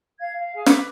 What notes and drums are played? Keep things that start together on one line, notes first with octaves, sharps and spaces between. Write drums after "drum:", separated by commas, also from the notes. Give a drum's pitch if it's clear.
F5 G#6
F5
G#4 F5 G#5
B4 D6, drum: snare